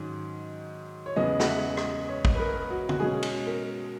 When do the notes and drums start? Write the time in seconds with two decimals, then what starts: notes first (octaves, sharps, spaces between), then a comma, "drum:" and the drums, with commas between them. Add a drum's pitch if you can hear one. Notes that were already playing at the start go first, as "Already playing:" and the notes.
Already playing: G#2 D#3 F#3 C#4
1.06 C#5
1.16 E2 C#3 G#3 B3 D#5
1.40 F#5, drum: snare
1.47 E5
1.77 D#5, drum: rim click
2.08 C#5
2.25 drum: kick
2.35 B4
2.40 A#4
2.70 F#4
2.89 F#4, drum: tom
3.00 B2 G#3 C#4 G#4
3.23 drum: cymbal
3.47 A#4